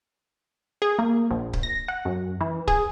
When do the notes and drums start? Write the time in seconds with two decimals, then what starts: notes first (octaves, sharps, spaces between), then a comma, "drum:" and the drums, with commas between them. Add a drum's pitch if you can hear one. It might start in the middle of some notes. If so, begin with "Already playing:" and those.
0.82 G#4
0.99 A#3
1.31 A#1
1.53 drum: kick C#1
1.63 A#6
1.88 F#5
2.05 F#2
2.41 E3
2.68 G#4, drum: kick C#1